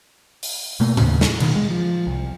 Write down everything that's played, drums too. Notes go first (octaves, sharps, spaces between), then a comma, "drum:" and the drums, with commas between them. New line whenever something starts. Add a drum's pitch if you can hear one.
drum: open hi-hat
B2 A3 A#3
D#2 A#2 C#3 C#4, drum: tom A2
drum: snare
B2 D#3, drum: cymbal
G#3
F3
C2